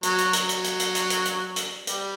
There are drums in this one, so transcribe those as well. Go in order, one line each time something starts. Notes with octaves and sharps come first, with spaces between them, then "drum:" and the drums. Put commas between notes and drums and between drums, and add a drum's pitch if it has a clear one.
F#3, drum: hi-hat
drum: hi-hat
F#3, drum: hi-hat
drum: hi-hat
drum: hi-hat
drum: hi-hat
drum: hi-hat
drum: hi-hat
drum: hi-hat
drum: hi-hat
G3, drum: hi-hat